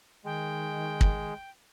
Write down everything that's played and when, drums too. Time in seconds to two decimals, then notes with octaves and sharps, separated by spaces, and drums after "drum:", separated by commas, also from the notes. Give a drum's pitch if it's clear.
0.25 D#3 G#3 G5
1.01 drum: kick